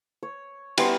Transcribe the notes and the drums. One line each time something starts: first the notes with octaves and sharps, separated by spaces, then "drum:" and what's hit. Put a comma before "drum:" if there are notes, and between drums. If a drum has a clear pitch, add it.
C#5
G3 B3 A#5 C6, drum: cymbal